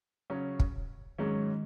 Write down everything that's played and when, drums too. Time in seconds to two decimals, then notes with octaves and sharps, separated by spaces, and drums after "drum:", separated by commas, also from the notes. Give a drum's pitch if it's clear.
0.30 C#3 F#3 C#4
0.60 drum: kick
1.18 G#2 D#3 F#3 G#3 C#4